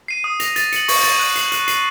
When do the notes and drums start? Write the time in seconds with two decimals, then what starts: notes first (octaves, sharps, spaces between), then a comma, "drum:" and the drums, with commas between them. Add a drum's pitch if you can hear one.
0.08 C7 D#7
0.24 D#6
0.40 A#6 F7, drum: hi-hat
0.56 A6, drum: hi-hat
0.72 C#7 F#7, drum: hi-hat
0.88 C#6, drum: open hi-hat
1.03 A6 D#7, drum: hi-hat
1.20 F#6
1.36 C7 F#7, drum: hi-hat
1.52 F#6, drum: hi-hat
1.68 C7 D#7 F#7, drum: hi-hat